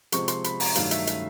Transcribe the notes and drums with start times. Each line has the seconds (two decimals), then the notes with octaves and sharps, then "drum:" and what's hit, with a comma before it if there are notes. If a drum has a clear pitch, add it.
0.12 C3 F3 G#3 C4 C#6, drum: hi-hat
0.28 C6, drum: hi-hat
0.44 B5, drum: hi-hat
0.60 A#5, drum: open hi-hat
0.75 G2 D#3 F#3 A3 F5, drum: hi-hat
0.91 E5, drum: hi-hat
1.07 E5, drum: hi-hat